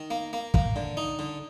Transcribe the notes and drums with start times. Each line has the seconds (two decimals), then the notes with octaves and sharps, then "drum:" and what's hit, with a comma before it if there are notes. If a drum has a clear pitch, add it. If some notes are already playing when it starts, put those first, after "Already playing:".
Already playing: D#3
0.11 A#3
0.33 A#3
0.54 A#3, drum: kick
0.76 D3
0.97 D#4
1.19 D3